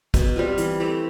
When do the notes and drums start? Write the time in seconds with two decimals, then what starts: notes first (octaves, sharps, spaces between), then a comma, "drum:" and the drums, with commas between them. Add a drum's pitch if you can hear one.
0.14 B2, drum: kick, hi-hat
0.36 G3 C4 F4
0.57 E3, drum: hi-hat
0.80 A3 C4 G4